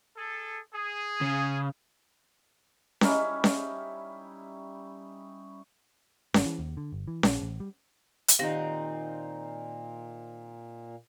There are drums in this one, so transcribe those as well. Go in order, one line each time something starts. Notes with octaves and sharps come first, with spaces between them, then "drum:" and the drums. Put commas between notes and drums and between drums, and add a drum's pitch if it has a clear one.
G#4 A4
G#4
C#3
G3 C#4 D#4 E4, drum: snare C#4
drum: snare C#4
G#1, drum: snare C#4
E3
D#2
D3
G1
E3
A#1, drum: snare C#4
A1
G3
drum: hi-hat
A#2 D#3 C4 D#4 G4 F5 F#5 A#6